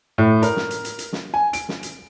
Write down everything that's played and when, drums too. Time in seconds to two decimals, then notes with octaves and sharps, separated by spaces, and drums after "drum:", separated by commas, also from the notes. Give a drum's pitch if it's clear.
0.18 A2
0.42 A#4, drum: hi-hat
0.57 drum: snare
0.71 drum: hi-hat
0.85 drum: hi-hat
0.99 drum: hi-hat
1.13 drum: snare
1.34 G#5
1.53 D7, drum: hi-hat
1.69 drum: snare
1.83 drum: hi-hat